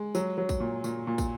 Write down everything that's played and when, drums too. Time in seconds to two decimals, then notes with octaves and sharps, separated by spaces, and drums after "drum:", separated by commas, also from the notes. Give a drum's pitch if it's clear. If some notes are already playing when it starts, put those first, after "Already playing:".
Already playing: G#3
0.15 F#3, drum: tambourine
0.38 F#3
0.49 drum: kick, tambourine
0.60 A#2
0.84 A#2, drum: tambourine
1.07 A#2
1.18 drum: kick, tambourine